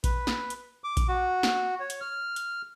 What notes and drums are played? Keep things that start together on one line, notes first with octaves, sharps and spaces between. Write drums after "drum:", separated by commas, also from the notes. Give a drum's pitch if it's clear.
B4, drum: kick A#1, hi-hat
drum: snare
drum: hi-hat
D6
drum: kick A#1, hi-hat
F#4
drum: snare
C#5
drum: hi-hat
F6
drum: hi-hat